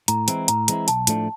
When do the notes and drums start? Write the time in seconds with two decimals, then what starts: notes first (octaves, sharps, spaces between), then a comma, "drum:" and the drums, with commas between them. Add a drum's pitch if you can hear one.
0.08 A2 A#5, drum: hi-hat
0.28 E3 G#3 C4 E4, drum: hi-hat
0.48 A2 A#5, drum: hi-hat
0.68 E3 G#3 C4 E4, drum: hi-hat
0.88 B1 A5, drum: hi-hat
1.07 A2 F3 A3 D4, drum: hi-hat